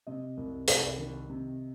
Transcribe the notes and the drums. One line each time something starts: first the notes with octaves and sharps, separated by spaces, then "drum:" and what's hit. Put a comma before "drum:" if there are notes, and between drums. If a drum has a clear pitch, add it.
C3 D#5
C2
C2, drum: hi-hat
D#3
C3